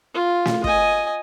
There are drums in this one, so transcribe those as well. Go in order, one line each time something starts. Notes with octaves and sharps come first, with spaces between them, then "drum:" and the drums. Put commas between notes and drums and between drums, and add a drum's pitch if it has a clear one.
F4
drum: snare
D#5 G#5, drum: kick